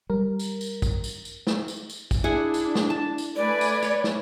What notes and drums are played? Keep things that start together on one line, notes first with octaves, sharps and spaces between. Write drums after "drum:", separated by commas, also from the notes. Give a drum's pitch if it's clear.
G3 A#4
drum: tambourine
drum: tambourine
drum: kick, tambourine
drum: tambourine
drum: tambourine
drum: snare
drum: tambourine
drum: tambourine
drum: kick, tambourine
D4 E4 G#4 F#5
drum: tambourine
drum: snare
A5
drum: tambourine
A3 B4 D5 G#5
drum: tambourine
C#5, drum: tambourine
drum: snare